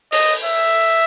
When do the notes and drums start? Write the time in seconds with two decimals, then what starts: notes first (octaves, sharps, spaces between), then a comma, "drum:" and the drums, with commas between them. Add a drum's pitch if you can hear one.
0.12 D#5, drum: open hi-hat
0.45 E5